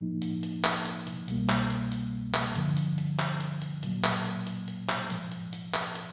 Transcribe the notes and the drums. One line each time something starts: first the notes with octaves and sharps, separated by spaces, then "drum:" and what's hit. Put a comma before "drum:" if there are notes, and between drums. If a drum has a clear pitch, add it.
A2 F3 A#3 D#4
drum: hi-hat
drum: hi-hat
drum: clap
drum: hi-hat
drum: hi-hat
C2 B2 G3 A#3, drum: hi-hat
drum: clap
drum: hi-hat
drum: hi-hat
drum: clap
G2 D3 F3, drum: hi-hat
drum: hi-hat
drum: hi-hat
drum: clap
drum: hi-hat
drum: hi-hat
A#2 F#3 A#3, drum: hi-hat
drum: clap
drum: hi-hat
drum: hi-hat
drum: hi-hat
drum: clap
A2 F3 G#3, drum: hi-hat
drum: hi-hat
drum: hi-hat
drum: clap
drum: hi-hat